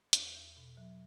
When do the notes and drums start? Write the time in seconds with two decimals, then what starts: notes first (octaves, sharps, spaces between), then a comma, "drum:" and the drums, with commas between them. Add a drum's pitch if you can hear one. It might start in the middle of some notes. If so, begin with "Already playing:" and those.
0.13 E2, drum: hi-hat
0.35 E2
0.56 B2
0.77 F#3